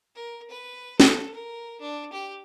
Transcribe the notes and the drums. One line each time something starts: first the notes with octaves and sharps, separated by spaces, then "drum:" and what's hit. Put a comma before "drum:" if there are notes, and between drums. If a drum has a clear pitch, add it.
A#4
B4
A4, drum: snare
A#4
D4
G4